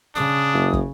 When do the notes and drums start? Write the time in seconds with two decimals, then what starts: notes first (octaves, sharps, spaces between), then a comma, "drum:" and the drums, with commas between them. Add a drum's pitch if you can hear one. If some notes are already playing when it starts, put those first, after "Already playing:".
0.16 C#3 D4 D#6
0.54 F#1
0.73 drum: kick